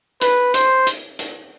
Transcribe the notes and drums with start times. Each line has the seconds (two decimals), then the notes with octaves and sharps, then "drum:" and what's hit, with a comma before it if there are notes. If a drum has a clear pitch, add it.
0.22 B4, drum: hi-hat
0.54 C5, drum: hi-hat
0.87 drum: hi-hat
1.19 drum: hi-hat